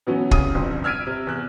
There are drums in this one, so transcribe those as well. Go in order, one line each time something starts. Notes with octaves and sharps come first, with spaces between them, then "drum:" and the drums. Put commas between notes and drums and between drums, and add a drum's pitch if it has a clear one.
B2 E3 F#3 B3 C#4
C2 C#3 D#6 D#7, drum: kick
G1 C2 F2
E6 F6 G#6 B6 D7 D#7
C3
E2 F#6